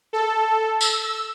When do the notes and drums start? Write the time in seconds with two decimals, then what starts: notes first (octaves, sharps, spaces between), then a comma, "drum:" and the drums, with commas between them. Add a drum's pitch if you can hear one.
0.13 A4
0.81 E6, drum: tambourine